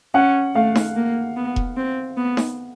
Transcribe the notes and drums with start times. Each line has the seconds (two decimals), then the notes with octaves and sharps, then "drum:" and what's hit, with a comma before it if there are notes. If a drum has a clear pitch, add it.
0.14 C#4 F#5
0.55 A3 F5
0.75 drum: snare D#4
0.96 A#3
1.37 B3
1.56 drum: kick E1
1.77 C4
2.17 B3
2.37 drum: snare D#4